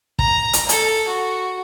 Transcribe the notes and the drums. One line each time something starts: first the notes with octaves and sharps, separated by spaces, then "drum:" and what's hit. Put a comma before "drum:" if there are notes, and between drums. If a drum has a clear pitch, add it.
A#5, drum: kick
drum: hi-hat
A4, drum: hi-hat
F#4